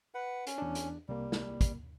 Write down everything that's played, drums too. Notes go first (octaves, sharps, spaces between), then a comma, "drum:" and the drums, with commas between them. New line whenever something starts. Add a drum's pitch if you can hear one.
B4 F#5
C#4, drum: hi-hat
E2 D4
drum: hi-hat
C2 G3 A#3
drum: snare
drum: kick, hi-hat